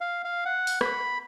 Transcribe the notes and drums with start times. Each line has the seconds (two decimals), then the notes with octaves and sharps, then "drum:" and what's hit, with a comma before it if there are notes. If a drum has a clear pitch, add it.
0.01 F5
0.25 F5
0.45 F#5
0.67 drum: open hi-hat
0.81 B5, drum: rim click